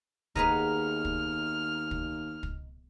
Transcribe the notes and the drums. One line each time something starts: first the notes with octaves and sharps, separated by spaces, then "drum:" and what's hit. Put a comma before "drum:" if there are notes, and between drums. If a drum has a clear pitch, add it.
D#2 B3 D#4 G#4 B4 A#5 F6, drum: kick
drum: kick
drum: kick
drum: kick